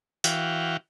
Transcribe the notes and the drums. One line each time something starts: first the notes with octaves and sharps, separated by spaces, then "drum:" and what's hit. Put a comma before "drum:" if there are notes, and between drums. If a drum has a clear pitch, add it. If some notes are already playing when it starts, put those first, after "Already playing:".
E3 F#4 F5 G5, drum: hi-hat